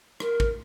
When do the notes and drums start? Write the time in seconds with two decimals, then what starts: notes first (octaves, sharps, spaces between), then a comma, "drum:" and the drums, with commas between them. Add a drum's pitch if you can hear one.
0.20 A#4, drum: rim click
0.40 drum: kick